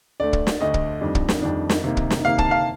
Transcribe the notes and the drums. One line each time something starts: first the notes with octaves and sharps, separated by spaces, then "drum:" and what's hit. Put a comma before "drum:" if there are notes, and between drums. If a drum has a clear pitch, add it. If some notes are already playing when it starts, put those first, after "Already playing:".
D2 D3 A3 D5
drum: kick
drum: snare
D2 D3 A3 D#5
drum: kick
F2 D#3 G3 D4
drum: kick
drum: snare
F2 D#3 G3 D4
drum: snare
C3 D#3 A#3
drum: kick
drum: snare
C3 D#3 A#3 F5
A5, drum: kick
F5